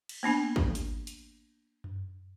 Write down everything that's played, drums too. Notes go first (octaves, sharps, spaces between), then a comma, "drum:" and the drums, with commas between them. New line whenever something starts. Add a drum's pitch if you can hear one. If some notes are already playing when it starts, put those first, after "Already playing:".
drum: cymbal
A#3 B3 D4 G#5
drum: kick
drum: hi-hat
drum: hi-hat
drum: tom F#2